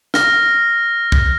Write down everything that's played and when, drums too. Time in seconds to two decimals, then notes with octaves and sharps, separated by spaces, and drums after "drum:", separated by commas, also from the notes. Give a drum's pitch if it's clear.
0.14 F6 A#6, drum: snare
1.12 drum: kick